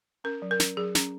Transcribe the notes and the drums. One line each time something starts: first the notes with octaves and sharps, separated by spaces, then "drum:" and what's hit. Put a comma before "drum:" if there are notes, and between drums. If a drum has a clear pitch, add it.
C#4 A#4
F#3
A#4
C#4, drum: snare
F#3 G#4
C#4, drum: snare